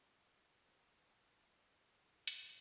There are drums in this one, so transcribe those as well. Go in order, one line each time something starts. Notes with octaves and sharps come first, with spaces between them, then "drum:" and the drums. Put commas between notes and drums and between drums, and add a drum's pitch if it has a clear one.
G#2 E3 C#7
F#5
G4 C5 F5 A#5
B4 C5 C#6 F7
C5 F#5 G#6 E7
G2 D3 C#7, drum: hi-hat